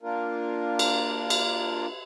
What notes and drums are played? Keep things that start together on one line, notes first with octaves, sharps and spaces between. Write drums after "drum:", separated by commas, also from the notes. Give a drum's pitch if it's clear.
A#3 D4 F4 A#4
drum: cymbal
drum: cymbal